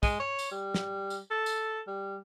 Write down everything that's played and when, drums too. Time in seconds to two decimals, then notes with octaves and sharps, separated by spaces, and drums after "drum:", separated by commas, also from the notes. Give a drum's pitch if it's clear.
0.03 G#3, drum: kick, tambourine
0.20 C#5
0.39 drum: tambourine
0.51 G3
0.74 drum: snare
1.10 drum: tambourine
1.31 A4
1.46 drum: tambourine
1.87 G3